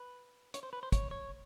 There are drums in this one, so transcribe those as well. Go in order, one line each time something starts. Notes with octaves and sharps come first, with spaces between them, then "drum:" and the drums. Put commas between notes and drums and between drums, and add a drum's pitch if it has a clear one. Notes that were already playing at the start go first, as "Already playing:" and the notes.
Already playing: B4
C#5, drum: hi-hat
C5
B4
C5
C#5, drum: kick, hi-hat
C#5